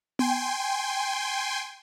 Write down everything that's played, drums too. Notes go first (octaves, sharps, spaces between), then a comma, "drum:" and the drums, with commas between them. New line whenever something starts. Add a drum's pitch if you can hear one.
G5 G#5 C6, drum: tom B3